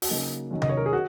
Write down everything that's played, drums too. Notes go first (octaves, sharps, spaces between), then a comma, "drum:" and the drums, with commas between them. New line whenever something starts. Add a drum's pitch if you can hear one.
F#4, drum: open hi-hat
C#3 F#3 A#3 D#4
F#2 D#3 F#3
D#5, drum: tom C3
C#5
A#4
G#4
F#4